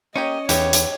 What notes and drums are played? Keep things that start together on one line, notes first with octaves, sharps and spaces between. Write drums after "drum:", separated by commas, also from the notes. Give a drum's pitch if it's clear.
A#3 C#4 G4 C#5 D#5
E2 G4 C#5, drum: hi-hat
drum: hi-hat